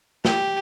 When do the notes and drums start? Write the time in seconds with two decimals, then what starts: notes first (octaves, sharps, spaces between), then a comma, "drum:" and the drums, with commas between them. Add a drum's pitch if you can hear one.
0.25 G4, drum: snare